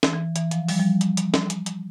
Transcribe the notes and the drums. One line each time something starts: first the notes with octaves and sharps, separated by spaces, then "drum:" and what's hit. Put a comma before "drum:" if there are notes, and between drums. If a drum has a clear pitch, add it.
E3, drum: snare
E3
E3, drum: hi-hat
F3, drum: hi-hat
F3 G3, drum: open hi-hat
F3 G3
drum: hi-hat
drum: hi-hat
drum: snare
drum: hi-hat
drum: hi-hat